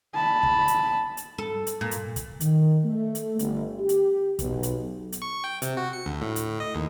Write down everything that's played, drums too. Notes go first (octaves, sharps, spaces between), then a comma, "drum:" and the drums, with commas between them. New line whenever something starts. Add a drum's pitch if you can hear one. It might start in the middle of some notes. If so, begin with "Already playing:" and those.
A5 B5
drum: kick
drum: hi-hat
drum: hi-hat
A4
drum: hi-hat
A#2
drum: hi-hat
drum: kick, hi-hat
D#3, drum: hi-hat
A3
drum: hi-hat
G1, drum: hi-hat
G4
drum: hi-hat
B1, drum: kick, hi-hat
drum: hi-hat
drum: hi-hat
C#6
G5
C3, drum: hi-hat
F#4
C#7
D2
A2
drum: hi-hat
D#5
D#2